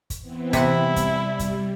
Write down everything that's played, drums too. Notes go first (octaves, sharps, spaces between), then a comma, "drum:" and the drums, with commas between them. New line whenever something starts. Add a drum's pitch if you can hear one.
drum: kick, hi-hat
E3 B3 C4
C3 E4 F#5, drum: kick, hi-hat
G3
drum: kick, hi-hat
drum: kick, hi-hat